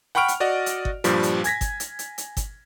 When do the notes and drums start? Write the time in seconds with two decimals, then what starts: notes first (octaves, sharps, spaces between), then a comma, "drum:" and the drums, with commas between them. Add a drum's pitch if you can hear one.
0.15 F#5 G5 B5 C#6 F6 D7
0.28 drum: hi-hat
0.40 F#4 D5 D#5 F#5
0.66 drum: hi-hat
0.85 drum: kick G1
1.04 G2 A#2 F3 G3, drum: hi-hat
1.23 drum: hi-hat
1.44 G#5 G#6 A#6 B6, drum: hi-hat
1.61 drum: kick G1, hi-hat
1.80 drum: hi-hat
1.99 drum: hi-hat
2.18 drum: hi-hat
2.37 drum: kick G1, hi-hat